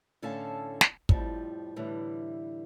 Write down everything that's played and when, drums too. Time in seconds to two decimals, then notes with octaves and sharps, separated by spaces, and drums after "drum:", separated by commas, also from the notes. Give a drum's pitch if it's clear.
0.22 A2 D3 C#4 A4 F5 A5
0.81 drum: snare
1.09 F2 A2 F3 G3, drum: kick
1.76 A2 D3 E3 G3